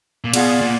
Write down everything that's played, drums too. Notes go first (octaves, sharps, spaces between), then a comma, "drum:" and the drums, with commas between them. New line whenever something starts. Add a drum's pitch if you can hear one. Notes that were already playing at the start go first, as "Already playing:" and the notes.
A#2
B2 F4 G#4 D5 F#5, drum: cymbal
A#2